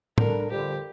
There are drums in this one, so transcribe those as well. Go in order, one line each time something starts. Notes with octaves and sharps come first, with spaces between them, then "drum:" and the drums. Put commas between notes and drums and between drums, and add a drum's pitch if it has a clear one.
D3 G3 D4 A#4, drum: tom A2
F2 D3 G3 G4